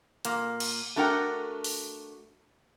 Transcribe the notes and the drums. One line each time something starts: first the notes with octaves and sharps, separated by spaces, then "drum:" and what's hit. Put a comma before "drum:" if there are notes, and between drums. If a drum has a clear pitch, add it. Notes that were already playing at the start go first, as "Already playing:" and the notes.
A#2 A#3, drum: hi-hat
drum: cymbal
A3 D4 F#4 A#4 G5
drum: open hi-hat